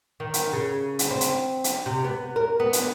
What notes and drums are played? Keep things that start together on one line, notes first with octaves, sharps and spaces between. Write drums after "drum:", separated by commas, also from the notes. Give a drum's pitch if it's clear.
D#3
drum: hi-hat
C#3
drum: hi-hat
C4
drum: hi-hat
drum: hi-hat
C3
B3
A#4
B3
drum: hi-hat